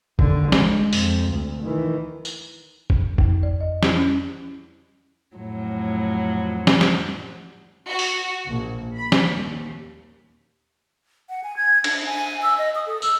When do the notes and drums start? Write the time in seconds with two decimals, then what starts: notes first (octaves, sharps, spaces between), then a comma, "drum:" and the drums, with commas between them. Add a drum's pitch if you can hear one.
0.19 D#2 D3, drum: kick
0.52 G#3, drum: snare
0.93 F2, drum: open hi-hat
1.31 D2
1.64 D#3 E3
2.25 drum: tambourine
2.90 drum: kick
3.18 F2, drum: kick
3.43 D5
3.61 D#5
3.83 E4, drum: snare
3.95 C#4
5.36 F2 A2 F#3
6.67 drum: snare
6.81 drum: snare
7.88 F#4
7.99 drum: open hi-hat
8.46 A#1
8.96 B5
9.12 drum: snare
9.28 D#2
11.29 F#5
11.44 G#5
11.57 G#6
11.84 D4, drum: cymbal
12.06 G#5
12.42 E6
12.58 D#5
12.75 D#6
12.86 A4
13.02 E6, drum: tambourine